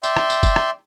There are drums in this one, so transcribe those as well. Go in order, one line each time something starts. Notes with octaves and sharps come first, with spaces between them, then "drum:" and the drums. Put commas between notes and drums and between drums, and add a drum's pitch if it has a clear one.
D5 E5 G5 C6, drum: tambourine
drum: rim click
drum: tambourine
drum: kick F1, tambourine
drum: rim click